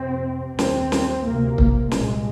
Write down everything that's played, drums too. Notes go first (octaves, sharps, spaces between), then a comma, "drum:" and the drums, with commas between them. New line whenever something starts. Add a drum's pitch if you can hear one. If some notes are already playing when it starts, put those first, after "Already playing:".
Already playing: F2 C3 C4
D#2 C4, drum: snare
drum: snare
D2 C3 A#3
A#3, drum: kick C#1
C2 A#2 G#3, drum: snare